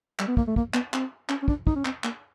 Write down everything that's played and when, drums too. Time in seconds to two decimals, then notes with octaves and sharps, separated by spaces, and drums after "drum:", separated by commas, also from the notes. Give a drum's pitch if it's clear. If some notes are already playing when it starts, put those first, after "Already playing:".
0.19 G3, drum: clap
0.28 B3
0.37 A#3, drum: kick
0.47 A3
0.56 A#3, drum: kick
0.74 B3, drum: clap
0.93 C4, drum: clap
1.29 C#4, drum: clap
1.42 C#4
1.48 D4, drum: kick
1.67 D#4, drum: kick
1.75 C#4
1.85 C4, drum: clap
2.04 A#3, drum: clap